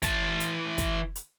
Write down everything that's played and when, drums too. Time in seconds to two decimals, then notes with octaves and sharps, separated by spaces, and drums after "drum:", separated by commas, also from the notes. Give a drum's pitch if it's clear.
0.02 E3 A5, drum: kick, hi-hat
0.40 drum: hi-hat
0.78 drum: kick, hi-hat
1.15 drum: hi-hat